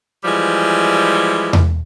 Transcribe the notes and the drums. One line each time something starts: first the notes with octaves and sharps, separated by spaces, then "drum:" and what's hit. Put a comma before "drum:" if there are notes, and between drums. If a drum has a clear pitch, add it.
E3 F3 G3 G#3
drum: tom E2